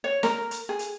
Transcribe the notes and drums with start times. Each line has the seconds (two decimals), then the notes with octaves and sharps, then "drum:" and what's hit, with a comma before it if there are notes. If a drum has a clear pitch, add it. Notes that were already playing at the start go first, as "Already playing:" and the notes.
0.04 C#5
0.23 A#4, drum: snare
0.51 drum: hi-hat
0.69 G#4
0.79 drum: hi-hat